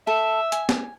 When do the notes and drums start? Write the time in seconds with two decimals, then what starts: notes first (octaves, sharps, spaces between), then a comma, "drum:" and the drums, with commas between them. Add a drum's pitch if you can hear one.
0.07 A4 E5
0.52 G#5, drum: hi-hat
0.69 drum: snare